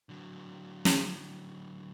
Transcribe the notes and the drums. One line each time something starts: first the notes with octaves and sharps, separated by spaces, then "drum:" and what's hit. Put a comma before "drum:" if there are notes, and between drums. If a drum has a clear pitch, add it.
D3 F#3
drum: snare